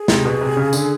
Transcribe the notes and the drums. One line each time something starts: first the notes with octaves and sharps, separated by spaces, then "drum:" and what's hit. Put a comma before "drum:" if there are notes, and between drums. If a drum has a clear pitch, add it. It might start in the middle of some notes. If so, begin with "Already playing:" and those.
Already playing: G#4
C3, drum: snare
B2
C3
C#3
D3, drum: tambourine